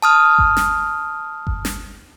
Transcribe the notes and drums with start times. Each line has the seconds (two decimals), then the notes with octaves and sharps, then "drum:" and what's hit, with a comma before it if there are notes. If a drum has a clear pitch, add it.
0.02 A5 D#6 F6
0.39 drum: kick G1
0.57 drum: snare
1.47 drum: kick G1
1.65 drum: snare